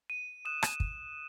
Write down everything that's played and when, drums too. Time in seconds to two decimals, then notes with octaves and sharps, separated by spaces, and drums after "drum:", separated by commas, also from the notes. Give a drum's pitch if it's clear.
0.10 D#7
0.45 D#6 F#6 E7
0.63 drum: rim click
0.80 drum: kick